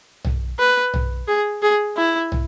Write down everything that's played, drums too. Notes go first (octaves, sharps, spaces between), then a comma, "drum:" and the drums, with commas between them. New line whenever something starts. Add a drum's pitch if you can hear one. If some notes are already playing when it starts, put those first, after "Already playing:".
drum: tom
B4
drum: tom
G#4
G#4
E4
drum: tom